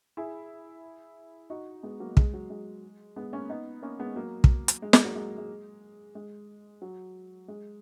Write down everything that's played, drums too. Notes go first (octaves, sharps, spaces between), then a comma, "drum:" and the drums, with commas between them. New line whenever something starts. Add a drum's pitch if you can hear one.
E4 G#4
D#4 F#4
G#3 B3
F#3 A#3
G#3, drum: kick
F#3
G#3
G#3 B3
A#3 C#4
B3 D#4
A#3 C#4
G#3 B3
F#3 A#3
drum: kick
drum: hi-hat
G#3
G#3, drum: snare
F#3 A#3
G#3
G#3
G#3
F#3
G#3